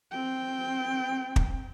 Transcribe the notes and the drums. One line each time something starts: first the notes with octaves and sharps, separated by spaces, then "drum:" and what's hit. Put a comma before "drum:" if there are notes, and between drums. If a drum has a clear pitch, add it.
C4 G5
drum: kick